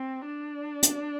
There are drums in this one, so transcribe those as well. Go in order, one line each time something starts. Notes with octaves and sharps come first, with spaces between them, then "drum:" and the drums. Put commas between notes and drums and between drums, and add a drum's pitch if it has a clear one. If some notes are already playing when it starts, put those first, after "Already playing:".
Already playing: C4
D4
drum: hi-hat